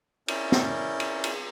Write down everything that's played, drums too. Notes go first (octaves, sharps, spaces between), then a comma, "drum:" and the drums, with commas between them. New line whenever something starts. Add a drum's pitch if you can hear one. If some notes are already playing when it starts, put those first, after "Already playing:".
C#4 E4 A#4 D5 G6, drum: cymbal
drum: snare
drum: cymbal
drum: cymbal